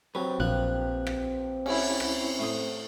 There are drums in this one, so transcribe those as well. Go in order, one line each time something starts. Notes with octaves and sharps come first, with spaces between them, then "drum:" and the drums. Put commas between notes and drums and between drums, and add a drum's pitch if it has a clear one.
F#3 C4 G4 B4
A#1 F3 F#6
drum: rim click
C#4 E4, drum: cymbal
drum: rim click
A2 C5 D#6